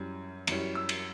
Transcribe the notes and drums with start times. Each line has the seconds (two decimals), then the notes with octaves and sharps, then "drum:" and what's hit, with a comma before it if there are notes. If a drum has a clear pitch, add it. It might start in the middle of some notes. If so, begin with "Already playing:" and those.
Already playing: F#2 E3 G3 C#4
0.47 F#2 E3 G3 C#4, drum: cymbal
0.75 E6
0.89 drum: cymbal